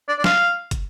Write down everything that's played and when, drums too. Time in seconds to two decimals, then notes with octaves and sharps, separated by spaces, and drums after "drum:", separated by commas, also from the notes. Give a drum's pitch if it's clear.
0.08 D5
0.19 D5
0.24 F5, drum: snare
0.71 drum: kick, hi-hat